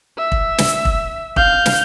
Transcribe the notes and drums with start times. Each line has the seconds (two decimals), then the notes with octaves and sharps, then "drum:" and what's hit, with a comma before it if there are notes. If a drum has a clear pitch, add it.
0.18 E5
0.32 drum: kick
0.58 drum: snare
0.85 drum: kick
1.36 F5 G6, drum: kick
1.66 drum: snare